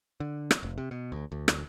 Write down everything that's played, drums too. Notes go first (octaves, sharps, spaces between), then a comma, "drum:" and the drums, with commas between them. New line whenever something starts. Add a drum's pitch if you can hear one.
D3
drum: rim click
F1
C3
B2
D2
D2
drum: rim click